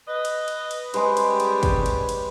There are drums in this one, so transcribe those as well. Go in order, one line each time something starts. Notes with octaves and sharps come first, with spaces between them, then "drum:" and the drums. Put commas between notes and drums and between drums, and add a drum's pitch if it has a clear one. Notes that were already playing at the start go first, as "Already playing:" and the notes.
B4 D#5
drum: cymbal
drum: cymbal
drum: cymbal
G3 G#3 C#4 G4 B4 C5, drum: cymbal
drum: cymbal
drum: cymbal
drum: kick, cymbal
drum: cymbal
drum: cymbal